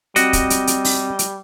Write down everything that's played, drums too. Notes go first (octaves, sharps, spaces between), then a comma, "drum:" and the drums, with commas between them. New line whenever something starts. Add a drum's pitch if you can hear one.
G3 C4 F#4 D#5, drum: hi-hat
drum: kick, hi-hat
drum: hi-hat
drum: hi-hat
drum: open hi-hat
drum: hi-hat